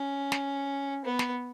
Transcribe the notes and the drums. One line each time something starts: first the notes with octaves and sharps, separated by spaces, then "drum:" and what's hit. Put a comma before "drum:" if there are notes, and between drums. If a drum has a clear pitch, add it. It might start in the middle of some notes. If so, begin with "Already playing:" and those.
Already playing: C#4
drum: snare
B3
drum: snare